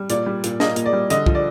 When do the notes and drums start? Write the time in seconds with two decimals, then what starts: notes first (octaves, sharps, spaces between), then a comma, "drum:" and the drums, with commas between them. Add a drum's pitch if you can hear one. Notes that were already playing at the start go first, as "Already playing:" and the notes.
Already playing: G3
0.10 A#2 D5, drum: hi-hat
0.26 G3
0.44 A#2, drum: hi-hat
0.60 A#3 D#5, drum: snare
0.76 A#2, drum: hi-hat
0.86 D5
0.93 G3
1.10 D3 D#5, drum: hi-hat
1.26 F3, drum: kick
1.35 D5